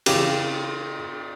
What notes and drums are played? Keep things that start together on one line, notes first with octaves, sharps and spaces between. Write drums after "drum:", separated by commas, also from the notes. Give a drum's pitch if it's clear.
C#3 E3 E4 G4, drum: cymbal